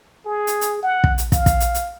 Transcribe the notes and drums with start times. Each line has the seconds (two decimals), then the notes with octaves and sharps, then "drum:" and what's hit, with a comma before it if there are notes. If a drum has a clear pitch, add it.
0.26 G#4
0.47 drum: hi-hat
0.61 drum: hi-hat
0.83 F#5
1.04 drum: kick
1.18 drum: hi-hat
1.32 F5, drum: kick, hi-hat
1.46 drum: kick, hi-hat
1.60 drum: hi-hat
1.74 drum: hi-hat